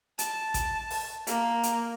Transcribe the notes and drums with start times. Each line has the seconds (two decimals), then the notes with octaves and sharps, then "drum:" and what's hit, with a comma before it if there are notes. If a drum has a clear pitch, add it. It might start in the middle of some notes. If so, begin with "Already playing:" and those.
0.19 A5, drum: hi-hat
0.54 drum: kick A1, hi-hat
0.91 drum: open hi-hat
1.27 A#3, drum: hi-hat
1.63 drum: hi-hat